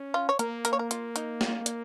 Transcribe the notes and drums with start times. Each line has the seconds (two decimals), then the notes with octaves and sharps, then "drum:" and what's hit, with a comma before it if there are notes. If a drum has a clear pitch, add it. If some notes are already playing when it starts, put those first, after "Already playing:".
Already playing: C#4
0.14 F4
0.29 C#5
0.39 A#3 A#4, drum: hi-hat
0.65 A#4, drum: hi-hat
0.73 C#5
0.79 A#4
0.91 F4, drum: hi-hat
1.16 D#4, drum: hi-hat
1.41 drum: snare
1.66 drum: hi-hat